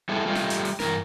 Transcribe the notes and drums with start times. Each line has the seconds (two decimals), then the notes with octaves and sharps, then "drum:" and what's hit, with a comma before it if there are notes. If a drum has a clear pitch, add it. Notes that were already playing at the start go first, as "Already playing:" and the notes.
0.09 G3 G#3 B3 E4 A4
0.26 G3 A3 F4 G4 D#5
0.35 drum: snare
0.50 drum: hi-hat
0.65 drum: open hi-hat
0.80 G2 E3 A#4, drum: snare